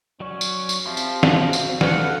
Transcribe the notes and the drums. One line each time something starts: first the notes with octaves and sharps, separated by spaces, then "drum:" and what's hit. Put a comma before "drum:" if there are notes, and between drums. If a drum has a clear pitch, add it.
F#3 C#4 D5 C#6
drum: tambourine
drum: tambourine
F3 C4 G4 E5 C6
drum: tambourine
D#4 F#4 C5 F5, drum: snare
drum: tambourine
D4 F#4 A4 B4 F5 F#5, drum: snare